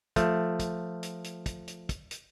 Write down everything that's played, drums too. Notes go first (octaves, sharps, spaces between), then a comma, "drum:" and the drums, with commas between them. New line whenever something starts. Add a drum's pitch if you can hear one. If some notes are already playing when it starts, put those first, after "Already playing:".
F3 A3, drum: kick, hi-hat
drum: kick, hi-hat
drum: hi-hat
drum: hi-hat
drum: kick, hi-hat
drum: hi-hat
drum: kick, hi-hat
drum: hi-hat